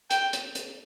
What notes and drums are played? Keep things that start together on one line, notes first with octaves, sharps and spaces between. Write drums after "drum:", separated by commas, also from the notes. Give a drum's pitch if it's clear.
G5, drum: hi-hat
drum: hi-hat
drum: hi-hat